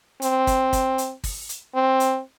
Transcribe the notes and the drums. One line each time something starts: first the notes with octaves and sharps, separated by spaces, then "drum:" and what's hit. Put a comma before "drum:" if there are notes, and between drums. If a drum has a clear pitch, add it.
C4, drum: hi-hat
drum: kick, hi-hat
drum: kick, hi-hat
drum: hi-hat
drum: kick, open hi-hat
drum: hi-hat
C4
drum: hi-hat